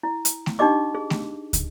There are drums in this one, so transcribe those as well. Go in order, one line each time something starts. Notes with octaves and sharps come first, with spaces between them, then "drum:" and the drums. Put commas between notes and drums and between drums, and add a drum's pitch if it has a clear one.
E4
drum: hi-hat
drum: snare A3
D4 D#4 G4 D#5 D6
G#4
drum: snare A3
drum: kick, hi-hat